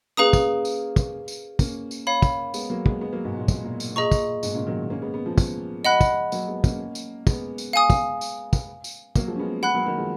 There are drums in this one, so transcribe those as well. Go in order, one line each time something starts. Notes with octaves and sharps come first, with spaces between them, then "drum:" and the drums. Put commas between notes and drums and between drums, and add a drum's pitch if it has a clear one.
A#3 C#4 G#4 B4 F5 A#5 D#6
drum: kick, tambourine
drum: tambourine
drum: kick, tambourine
drum: tambourine
A#3 C#4, drum: kick, tambourine
drum: tambourine
C#5 F5 B5
drum: kick, tambourine
G#3 B3, drum: tambourine
F#3 A#3
G#3 B3, drum: kick
G#3 B3
F#3 A#3
G#2 B2
A#2
G#2, drum: kick, tambourine
A#2
drum: tambourine
B2
A#2 G#4 D#5 A#5 C#6
drum: kick, tambourine
G#2 B2, drum: tambourine
A#2 C#3
D#3 F#3
A#3 C#4
G#3 B3
G#3 B3
F3 G#3
drum: kick, tambourine
D#5 F#5 B5 F#6
drum: kick, tambourine
F#3 A#3, drum: tambourine
G#3 B3
A#3 C#4, drum: kick, tambourine
drum: tambourine
G#3 B3, drum: kick, tambourine
drum: tambourine
F5 G#5 D#6
drum: kick, tambourine
drum: tambourine
drum: kick, tambourine
drum: tambourine
F#3 A#3, drum: kick, tambourine
F3 G#3
C#4
G#3 B3
G#3 B3 F#5 B5 F#6
F#3 A#3
D#3 F#3
F3 G#3